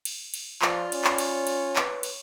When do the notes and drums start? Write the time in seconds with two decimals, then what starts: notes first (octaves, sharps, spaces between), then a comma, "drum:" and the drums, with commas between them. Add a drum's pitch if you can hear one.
0.05 drum: cymbal
0.34 drum: cymbal
0.62 F3 F4 D5, drum: clap
0.92 C#4 C#5, drum: cymbal
1.04 drum: clap
1.18 drum: cymbal
1.47 drum: cymbal
1.76 B4, drum: clap
2.03 drum: cymbal